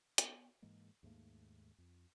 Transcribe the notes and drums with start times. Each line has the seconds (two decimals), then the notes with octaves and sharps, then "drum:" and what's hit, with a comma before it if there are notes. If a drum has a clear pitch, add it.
0.18 B3, drum: hi-hat
0.62 G#2 E3 G#3 A#3
1.03 D#2 G#2 A3 A#3
1.78 F2